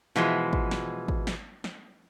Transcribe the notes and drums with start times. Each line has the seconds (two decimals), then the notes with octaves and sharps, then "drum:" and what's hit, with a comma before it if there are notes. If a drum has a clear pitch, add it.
0.16 B2 E3 F3 G#3, drum: snare
0.53 drum: kick G#1
0.71 drum: snare
1.08 drum: kick G#1
1.27 drum: snare
1.64 drum: snare